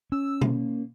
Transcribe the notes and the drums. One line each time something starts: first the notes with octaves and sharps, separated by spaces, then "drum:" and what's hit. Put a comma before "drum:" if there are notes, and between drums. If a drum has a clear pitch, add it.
C#4 E6
A#3, drum: tom B2